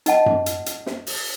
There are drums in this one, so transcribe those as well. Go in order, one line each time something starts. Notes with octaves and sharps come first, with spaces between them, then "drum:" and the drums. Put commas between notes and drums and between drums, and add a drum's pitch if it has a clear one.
D#4 D#5 F#5 A5, drum: hi-hat
drum: tom F#2
drum: hi-hat
drum: hi-hat
drum: snare
drum: open hi-hat